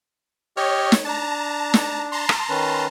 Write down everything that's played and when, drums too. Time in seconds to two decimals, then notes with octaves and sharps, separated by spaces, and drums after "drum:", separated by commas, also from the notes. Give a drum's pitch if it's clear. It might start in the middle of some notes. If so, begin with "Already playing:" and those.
0.57 G4 C#5 D#5 F6
0.92 drum: snare
1.05 D4 A5 A#5
1.74 drum: snare
2.12 A5 A#5 C6
2.29 drum: rim click
2.49 D#3 C#4 B4